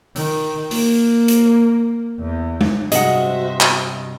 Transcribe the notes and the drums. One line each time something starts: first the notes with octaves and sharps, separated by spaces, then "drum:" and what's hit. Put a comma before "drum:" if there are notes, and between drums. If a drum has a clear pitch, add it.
D#3, drum: open hi-hat
A#3, drum: open hi-hat
drum: hi-hat
E2
drum: tom G#3
G2 C3 F#4 G#4 C5 D#5 E5 F#5, drum: hi-hat
drum: clap